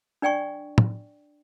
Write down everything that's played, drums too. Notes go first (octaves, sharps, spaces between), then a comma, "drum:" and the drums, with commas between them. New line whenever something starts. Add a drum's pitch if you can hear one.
D4 D5 G5 G#5 C#6
drum: tom